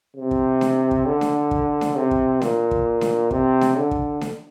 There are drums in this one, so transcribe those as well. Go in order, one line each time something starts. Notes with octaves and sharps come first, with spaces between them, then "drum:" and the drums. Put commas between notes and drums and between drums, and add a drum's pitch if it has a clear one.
C3
drum: kick
drum: snare D4
drum: kick
D3
drum: snare D4
drum: kick
drum: snare D4
C3
drum: kick
A#2, drum: snare D4
drum: kick
drum: snare D4
C3, drum: kick
drum: snare D4
D3
drum: kick
drum: snare D4